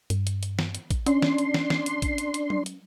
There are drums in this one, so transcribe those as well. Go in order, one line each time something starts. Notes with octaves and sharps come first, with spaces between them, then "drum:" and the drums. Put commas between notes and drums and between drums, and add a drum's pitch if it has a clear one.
G2, drum: hi-hat
drum: hi-hat
drum: hi-hat
drum: snare
drum: hi-hat
drum: kick, hi-hat
C#4 D4 C6, drum: hi-hat
drum: snare
drum: hi-hat
drum: snare
drum: snare
drum: hi-hat
drum: kick, hi-hat
drum: hi-hat
drum: hi-hat
drum: tom F#3
drum: hi-hat